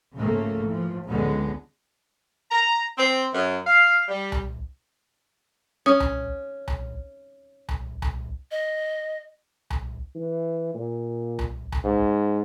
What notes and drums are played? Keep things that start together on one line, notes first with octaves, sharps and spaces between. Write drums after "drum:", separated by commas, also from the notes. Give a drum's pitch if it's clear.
G#2 C#3 F3 A3 A#3
E3 F3
C#2 D3 G#3 B3
A#5
C4
F#2
F5
G3
drum: tom C2
C#4 D#6
drum: tom C2
drum: tom C2
drum: tom C2
drum: tom C2
D#5
drum: tom C2
E3
A#2
drum: tom C2
drum: tom C2
G#2